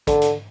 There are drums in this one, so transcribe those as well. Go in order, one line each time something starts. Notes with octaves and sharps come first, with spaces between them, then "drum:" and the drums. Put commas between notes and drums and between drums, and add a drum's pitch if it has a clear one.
D3, drum: kick, hi-hat
drum: hi-hat